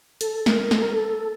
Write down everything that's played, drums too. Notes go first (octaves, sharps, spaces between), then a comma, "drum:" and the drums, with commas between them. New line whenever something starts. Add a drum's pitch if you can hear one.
A4, drum: hi-hat
A#4, drum: snare
A4, drum: snare
A#4
A4